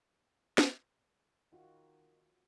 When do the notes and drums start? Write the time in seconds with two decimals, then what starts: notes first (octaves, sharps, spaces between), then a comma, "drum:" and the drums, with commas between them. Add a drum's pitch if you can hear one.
0.58 drum: snare
1.53 D#3 F4 F#4